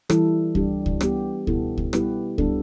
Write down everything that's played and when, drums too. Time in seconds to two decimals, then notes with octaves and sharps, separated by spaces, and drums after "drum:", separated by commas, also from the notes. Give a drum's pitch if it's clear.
0.10 E3 G3 E4 A4, drum: rim click
0.55 G3 D4 G4, drum: kick C#2
0.86 drum: kick C#2
1.01 G3 B3 G4, drum: rim click
1.47 B2 B3 E4 A4, drum: kick C#2
1.78 drum: kick C#2
1.93 G3 B3 E4 G4 B4, drum: rim click
2.38 G3 B3 D4 A4, drum: kick C#2